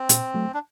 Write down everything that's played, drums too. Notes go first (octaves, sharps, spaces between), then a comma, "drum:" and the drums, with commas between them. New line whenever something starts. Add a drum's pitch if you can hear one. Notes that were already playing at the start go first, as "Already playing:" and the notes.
Already playing: C4
A#2, drum: hi-hat
F#3 A3
D4